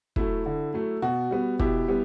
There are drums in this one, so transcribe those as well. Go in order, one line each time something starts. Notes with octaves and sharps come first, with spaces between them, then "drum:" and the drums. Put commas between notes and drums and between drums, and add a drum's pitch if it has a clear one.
F#3 A3 E4, drum: kick
D3
F#3 A3
B2 F#4
G3 B3
B2 E4 G4, drum: kick
G3 B3